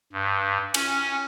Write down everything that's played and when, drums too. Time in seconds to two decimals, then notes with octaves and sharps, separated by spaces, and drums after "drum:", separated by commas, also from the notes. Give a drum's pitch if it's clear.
0.13 G2
0.74 C#4, drum: cymbal